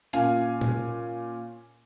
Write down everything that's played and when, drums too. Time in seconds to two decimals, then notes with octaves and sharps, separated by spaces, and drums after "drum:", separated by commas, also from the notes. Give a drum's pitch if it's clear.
0.13 A#2 C#4 F5 G#5 C7, drum: hi-hat
0.61 drum: tom A#2